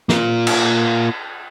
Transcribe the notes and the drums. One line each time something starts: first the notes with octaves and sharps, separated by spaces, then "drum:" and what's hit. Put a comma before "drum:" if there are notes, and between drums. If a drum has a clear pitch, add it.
A#3 F4, drum: snare
drum: cymbal